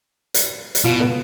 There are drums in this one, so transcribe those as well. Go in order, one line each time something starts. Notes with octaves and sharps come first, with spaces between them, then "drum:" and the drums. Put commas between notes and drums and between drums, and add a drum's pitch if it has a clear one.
drum: hi-hat
drum: hi-hat
B2 F4
B3